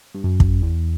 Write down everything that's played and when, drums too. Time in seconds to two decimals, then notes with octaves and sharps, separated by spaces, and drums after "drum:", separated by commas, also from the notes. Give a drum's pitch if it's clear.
0.14 G2
0.24 F#2
0.40 drum: kick
0.62 E2